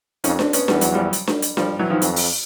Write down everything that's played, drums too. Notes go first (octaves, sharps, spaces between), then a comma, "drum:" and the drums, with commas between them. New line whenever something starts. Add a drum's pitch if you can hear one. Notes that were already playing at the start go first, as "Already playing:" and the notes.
F2 C#4 D#4, drum: hi-hat
C4 D4, drum: snare D4
B3 C#4, drum: hi-hat
E2 G3, drum: snare D4
F#3, drum: hi-hat
F3 G3
drum: hi-hat
drum: snare D4
drum: hi-hat
F3 G3, drum: snare D4
E3 F#3
D#3 F3
F2, drum: hi-hat
drum: open hi-hat